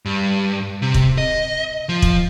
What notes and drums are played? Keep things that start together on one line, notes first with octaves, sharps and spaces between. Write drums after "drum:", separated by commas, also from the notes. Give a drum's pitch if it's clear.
G2
C3
drum: kick
D#5
F3
drum: kick